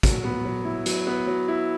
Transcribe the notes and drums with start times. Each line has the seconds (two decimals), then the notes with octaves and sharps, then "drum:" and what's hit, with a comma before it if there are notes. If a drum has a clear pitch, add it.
0.03 F#3, drum: kick, hi-hat
0.24 B3
0.45 F#3
0.65 E4
0.86 F#3, drum: hi-hat
1.07 B3
1.27 F#3
1.48 E4